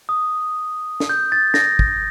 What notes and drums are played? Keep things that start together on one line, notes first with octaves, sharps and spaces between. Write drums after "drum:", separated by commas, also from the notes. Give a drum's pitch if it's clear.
D#6
drum: snare
G6
A6
A#6, drum: snare
drum: kick